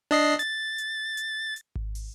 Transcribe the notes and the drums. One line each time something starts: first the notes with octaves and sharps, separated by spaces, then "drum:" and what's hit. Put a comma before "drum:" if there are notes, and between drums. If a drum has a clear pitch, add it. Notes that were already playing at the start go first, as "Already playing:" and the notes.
D4 D#5 C7
A6, drum: hi-hat
drum: hi-hat
drum: hi-hat
drum: hi-hat
drum: kick G#1
drum: open hi-hat